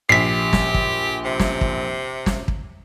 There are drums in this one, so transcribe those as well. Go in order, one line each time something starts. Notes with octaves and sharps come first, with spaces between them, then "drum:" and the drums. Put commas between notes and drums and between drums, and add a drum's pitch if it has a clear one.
A#1 G4 B6 C7
drum: snare
drum: kick
C3
drum: snare
drum: kick
drum: snare
drum: kick